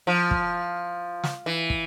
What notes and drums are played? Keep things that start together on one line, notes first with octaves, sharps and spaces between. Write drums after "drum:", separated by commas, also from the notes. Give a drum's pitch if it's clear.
F3
drum: kick
drum: snare
E3
drum: kick